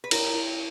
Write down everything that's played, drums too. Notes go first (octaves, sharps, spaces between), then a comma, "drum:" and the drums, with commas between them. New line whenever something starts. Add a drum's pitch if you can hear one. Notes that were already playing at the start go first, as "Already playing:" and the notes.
B4
E4 A#4, drum: cymbal
E4